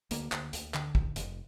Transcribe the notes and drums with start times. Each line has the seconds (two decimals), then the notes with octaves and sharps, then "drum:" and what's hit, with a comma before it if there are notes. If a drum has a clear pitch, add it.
0.11 D2 A#3, drum: hi-hat
0.32 D2, drum: clap
0.53 D2, drum: hi-hat
0.74 D3, drum: clap
0.95 F1, drum: kick
1.16 F1, drum: hi-hat